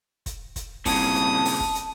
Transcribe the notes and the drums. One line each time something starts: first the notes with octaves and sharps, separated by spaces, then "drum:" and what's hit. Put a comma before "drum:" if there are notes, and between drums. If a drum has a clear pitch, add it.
drum: kick, hi-hat
drum: kick, hi-hat
C2 A#2 C#3 A5 D#6, drum: kick, open hi-hat
drum: hi-hat
drum: open hi-hat
drum: kick
drum: hi-hat